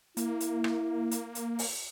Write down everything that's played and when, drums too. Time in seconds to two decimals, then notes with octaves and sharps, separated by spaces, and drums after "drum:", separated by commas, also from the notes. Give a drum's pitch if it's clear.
0.17 A#3 E4, drum: hi-hat
0.40 drum: hi-hat
0.64 drum: rim click
1.11 drum: hi-hat
1.35 drum: hi-hat
1.59 drum: open hi-hat